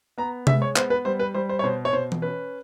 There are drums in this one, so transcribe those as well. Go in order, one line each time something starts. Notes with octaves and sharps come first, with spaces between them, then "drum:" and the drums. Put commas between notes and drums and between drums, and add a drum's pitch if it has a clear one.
B3 A#5
G#3 E5, drum: tom C3
C#5
B3 C5, drum: clap
B4
G3 C5
B4
G3 C5
C5
C#5
B2 C5
C#5
B2 C5
drum: tom E3
C#4 B4